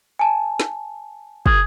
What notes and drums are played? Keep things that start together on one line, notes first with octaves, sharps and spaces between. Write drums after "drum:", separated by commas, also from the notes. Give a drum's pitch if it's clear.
G#5 A5
drum: snare
G#4, drum: kick